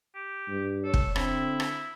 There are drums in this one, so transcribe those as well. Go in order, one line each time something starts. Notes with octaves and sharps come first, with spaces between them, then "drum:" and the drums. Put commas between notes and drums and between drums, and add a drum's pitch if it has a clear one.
G4
G2
A4 C#5
drum: kick
D3 C4 E4, drum: rim click
drum: rim click